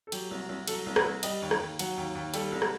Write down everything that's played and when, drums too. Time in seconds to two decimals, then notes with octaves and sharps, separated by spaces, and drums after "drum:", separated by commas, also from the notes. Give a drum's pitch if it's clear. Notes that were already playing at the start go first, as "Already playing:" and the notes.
0.07 A4
0.12 F#3 G4, drum: cymbal
0.31 C2
0.49 C2
0.68 F#3 A4, drum: cymbal
0.86 C2
0.96 B4, drum: rim click
1.05 C2
1.23 G3 D#5, drum: cymbal
1.42 D#2
1.51 drum: rim click
1.61 D#2
1.79 F#3 F#5, drum: cymbal
1.98 D#2
2.15 D#2
2.34 G3 A4, drum: cymbal
2.52 C2
2.62 drum: rim click